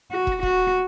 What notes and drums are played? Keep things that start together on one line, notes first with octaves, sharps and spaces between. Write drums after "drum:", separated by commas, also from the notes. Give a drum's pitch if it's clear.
F#4
drum: kick
F#4, drum: kick